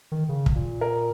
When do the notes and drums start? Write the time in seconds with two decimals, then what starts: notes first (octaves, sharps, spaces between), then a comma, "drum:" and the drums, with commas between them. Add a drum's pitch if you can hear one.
0.12 D#3
0.29 C#3
0.46 drum: kick
0.55 A#2
0.81 A#4